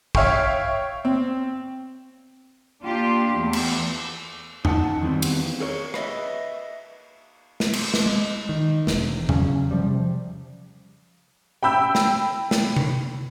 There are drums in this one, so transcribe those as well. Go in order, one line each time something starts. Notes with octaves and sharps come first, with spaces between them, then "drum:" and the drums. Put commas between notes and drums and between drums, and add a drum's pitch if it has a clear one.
C#5 E5 F5 G5 C#6, drum: kick
C4
A#3 D4 F4 G4
E2 A3
drum: cymbal
D#4 F#5 A5, drum: tom E2
D#3 E3 G3 B3 C4
drum: cymbal
G#4 A#4 C#5
B4 D#5 E5, drum: rim click
drum: snare
drum: cymbal
drum: snare
G#3
D#3
E1 E2, drum: snare
C#3 F#3 C#4, drum: tom E2
C3 F3 G3
G5 B5 E6 G6
drum: snare
drum: snare
drum: tom C3